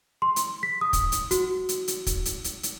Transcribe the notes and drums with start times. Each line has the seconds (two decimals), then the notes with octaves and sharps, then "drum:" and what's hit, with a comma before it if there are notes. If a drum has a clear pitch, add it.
0.22 C6
0.36 drum: hi-hat
0.63 B6
0.81 D#6
0.93 drum: kick, hi-hat
1.12 drum: hi-hat
1.31 F#4, drum: hi-hat
1.69 drum: hi-hat
1.88 drum: hi-hat
2.07 drum: kick, hi-hat
2.25 drum: hi-hat
2.44 drum: hi-hat
2.63 drum: hi-hat